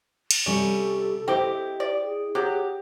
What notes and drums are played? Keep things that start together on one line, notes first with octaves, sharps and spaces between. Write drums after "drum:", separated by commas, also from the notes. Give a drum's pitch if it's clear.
drum: cymbal
C3 G3 C#4 A4
C4 E4 G4 D#5 G5
D5
G#4
F#3 G4